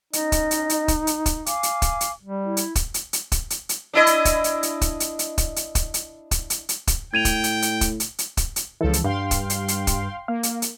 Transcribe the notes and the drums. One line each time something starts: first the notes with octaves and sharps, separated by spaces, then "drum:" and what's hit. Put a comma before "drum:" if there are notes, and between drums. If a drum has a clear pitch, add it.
C#4 D#4 D#5, drum: hi-hat
drum: kick, hi-hat
drum: hi-hat
drum: hi-hat
drum: kick, hi-hat
drum: hi-hat
drum: kick, hi-hat
F5 G#5 D6, drum: hi-hat
drum: hi-hat
drum: kick, hi-hat
drum: hi-hat
G3
E4
drum: hi-hat
drum: kick, hi-hat
drum: hi-hat
drum: hi-hat
drum: kick, hi-hat
drum: hi-hat
drum: hi-hat
D4 E4 D#5
drum: hi-hat
drum: kick, hi-hat
drum: hi-hat
drum: hi-hat
drum: kick, hi-hat
drum: hi-hat
drum: hi-hat
drum: kick, hi-hat
drum: hi-hat
drum: kick, hi-hat
drum: hi-hat
drum: kick, hi-hat
drum: hi-hat
drum: hi-hat
drum: kick, hi-hat
A2 G5 G#6 D#7 F7
drum: kick, hi-hat
drum: hi-hat
drum: hi-hat
drum: kick, hi-hat
drum: hi-hat
drum: hi-hat
drum: kick, hi-hat
drum: hi-hat
C#2 C#3 E3 F3 A4
drum: hi-hat
G2 F5 G5 C6
drum: kick, hi-hat
drum: hi-hat
drum: hi-hat
drum: kick, hi-hat
A#3 F5
drum: hi-hat
drum: hi-hat